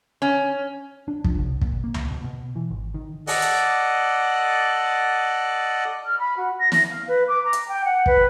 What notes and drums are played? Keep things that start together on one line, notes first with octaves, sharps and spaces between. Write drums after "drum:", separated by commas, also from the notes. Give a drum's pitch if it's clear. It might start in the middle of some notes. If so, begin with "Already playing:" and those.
C#4
D4
F3, drum: kick
C2
A#2, drum: kick
A#3
drum: tom C#2
B2
B2
E3
G#1
D#3
A4 D5 D#5 F#5, drum: open hi-hat
drum: hi-hat
F6
B5
F#4
A#6
A#6, drum: snare
F5
B4
D6
A#5
drum: hi-hat
G5
F#5
B4, drum: kick